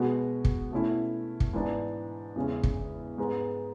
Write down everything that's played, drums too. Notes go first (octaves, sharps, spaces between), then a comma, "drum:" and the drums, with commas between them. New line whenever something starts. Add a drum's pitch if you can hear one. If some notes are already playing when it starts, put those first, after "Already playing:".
Already playing: B2 G#3 B3 F#4
drum: kick
B2 A3 C#4 E4
drum: kick
G#2 E3 B3 D4
E2 C#3 G#3 C#4
drum: kick
G#2 G#3 B3